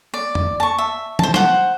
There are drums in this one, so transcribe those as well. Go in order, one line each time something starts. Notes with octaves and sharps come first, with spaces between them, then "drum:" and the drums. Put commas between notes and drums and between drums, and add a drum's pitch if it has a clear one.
D5
drum: tom F2
A5 C#6
E5
C5 A5, drum: tom
C5 F#5, drum: snare